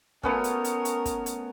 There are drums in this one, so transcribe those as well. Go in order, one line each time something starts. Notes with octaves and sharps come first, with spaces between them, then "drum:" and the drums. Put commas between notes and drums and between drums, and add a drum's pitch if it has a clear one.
A3 B3 C#4 A#4, drum: kick
drum: hi-hat
drum: hi-hat
drum: hi-hat
drum: kick, hi-hat
drum: hi-hat